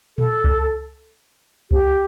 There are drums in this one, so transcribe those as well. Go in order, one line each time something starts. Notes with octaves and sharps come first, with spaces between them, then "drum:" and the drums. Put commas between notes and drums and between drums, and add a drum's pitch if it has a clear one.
A4, drum: tom A#2
drum: kick C#2
G4, drum: kick C#2